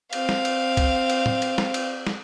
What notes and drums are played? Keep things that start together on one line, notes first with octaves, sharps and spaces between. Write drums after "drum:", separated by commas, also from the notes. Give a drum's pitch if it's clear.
C4 F5, drum: cymbal
drum: snare
drum: cymbal
drum: kick C2, cymbal
drum: cymbal
drum: tom
drum: cymbal
drum: snare
drum: cymbal
drum: snare